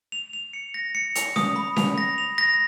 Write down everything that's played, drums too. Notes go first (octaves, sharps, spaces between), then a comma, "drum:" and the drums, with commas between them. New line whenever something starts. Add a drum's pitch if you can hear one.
F7
F7
C#7
A#6
C#7
F7, drum: hi-hat
D#6, drum: snare C#4
B5
F7, drum: snare C#4
A#6
F7
A#6